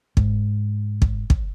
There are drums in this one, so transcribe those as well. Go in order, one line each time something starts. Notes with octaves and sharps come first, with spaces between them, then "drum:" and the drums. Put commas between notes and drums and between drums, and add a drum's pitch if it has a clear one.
G#2, drum: kick
drum: kick
drum: kick